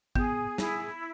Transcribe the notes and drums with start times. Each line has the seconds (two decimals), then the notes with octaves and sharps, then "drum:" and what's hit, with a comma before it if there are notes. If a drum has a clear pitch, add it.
0.15 B3 G#4, drum: kick
0.58 E4, drum: snare